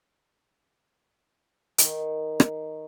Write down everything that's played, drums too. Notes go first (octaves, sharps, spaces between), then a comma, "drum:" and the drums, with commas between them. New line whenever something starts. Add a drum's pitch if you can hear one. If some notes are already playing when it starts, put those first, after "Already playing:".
D#3, drum: hi-hat
drum: rim click